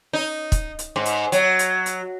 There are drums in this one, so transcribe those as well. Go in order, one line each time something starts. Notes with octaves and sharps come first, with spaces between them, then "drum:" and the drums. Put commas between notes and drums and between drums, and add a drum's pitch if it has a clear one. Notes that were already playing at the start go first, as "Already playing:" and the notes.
D#4
drum: kick, hi-hat
drum: hi-hat
G#2
drum: hi-hat
F#3, drum: hi-hat
drum: hi-hat
drum: hi-hat